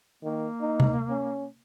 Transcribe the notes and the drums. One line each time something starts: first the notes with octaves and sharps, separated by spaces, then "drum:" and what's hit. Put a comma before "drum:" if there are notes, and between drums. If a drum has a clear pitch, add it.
D#3 A#3
D#4
drum: tom C3
C#4